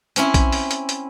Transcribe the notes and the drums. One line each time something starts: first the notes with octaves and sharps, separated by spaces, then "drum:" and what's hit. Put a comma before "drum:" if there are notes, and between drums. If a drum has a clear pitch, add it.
C4 C#4 E4, drum: hi-hat
drum: kick, hi-hat
drum: open hi-hat
drum: hi-hat
drum: hi-hat